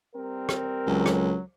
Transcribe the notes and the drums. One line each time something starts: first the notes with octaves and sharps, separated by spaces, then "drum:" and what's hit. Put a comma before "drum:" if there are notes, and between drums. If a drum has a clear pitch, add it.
G3 C4 A#4
drum: rim click
C#2 F#3
drum: rim click